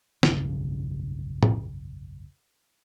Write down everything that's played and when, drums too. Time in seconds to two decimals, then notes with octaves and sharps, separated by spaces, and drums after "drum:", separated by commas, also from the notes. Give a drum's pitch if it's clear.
0.23 F1 B1 G2 C#3, drum: snare
1.43 drum: tom